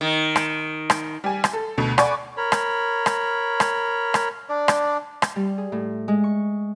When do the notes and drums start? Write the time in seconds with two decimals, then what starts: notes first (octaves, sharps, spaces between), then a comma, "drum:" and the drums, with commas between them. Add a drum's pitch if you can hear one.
0.01 D#3
0.36 drum: rim click
0.90 drum: rim click
1.24 G3 G#5
1.44 drum: rim click
1.53 A4
1.78 D2 B2
1.98 D5 F#5 G#5 B5 C#6 D6, drum: rim click
2.37 A#4 C#5 B5
2.52 drum: rim click
3.06 drum: rim click
3.60 drum: rim click
4.14 drum: rim click
4.49 D4 D5
4.68 drum: rim click
5.22 drum: rim click
5.36 G3
5.58 G#4
5.72 A2
6.08 G#3
6.24 C#6